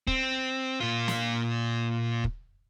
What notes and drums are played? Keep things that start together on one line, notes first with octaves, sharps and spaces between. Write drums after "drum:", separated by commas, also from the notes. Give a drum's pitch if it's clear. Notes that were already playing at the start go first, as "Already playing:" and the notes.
C4, drum: kick
A#2 F4
drum: snare
drum: kick